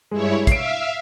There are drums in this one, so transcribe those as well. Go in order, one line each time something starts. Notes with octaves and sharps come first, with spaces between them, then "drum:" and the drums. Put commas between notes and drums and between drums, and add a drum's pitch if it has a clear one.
G2 G#3 E4 C#5
E5 F5 C7 D7, drum: kick, hi-hat